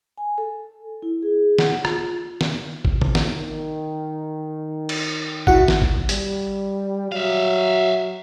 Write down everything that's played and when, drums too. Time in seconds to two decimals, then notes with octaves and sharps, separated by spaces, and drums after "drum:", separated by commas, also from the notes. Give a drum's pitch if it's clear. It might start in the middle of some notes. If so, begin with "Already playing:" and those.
0.18 G#5
0.38 A4
1.02 E4
1.22 G#4
1.58 F#5, drum: snare
1.85 F4, drum: rim click
2.41 drum: snare
2.85 drum: kick G#1
3.01 drum: tom
3.15 drum: snare
3.29 D#3
4.89 drum: cymbal
5.47 E4 F#4 F#5, drum: kick G#1
5.68 drum: snare
5.82 drum: kick G#1
6.09 G3, drum: hi-hat
7.12 F#3 E5 F5